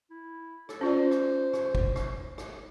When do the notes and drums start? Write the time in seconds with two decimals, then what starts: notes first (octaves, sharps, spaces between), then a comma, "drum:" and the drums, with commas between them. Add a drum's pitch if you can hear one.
0.10 E4
0.69 A4, drum: rim click
0.81 C#4 F4 C5 D5
1.11 drum: rim click
1.54 drum: rim click
1.75 drum: kick G#1
1.96 drum: rim click
2.38 drum: rim click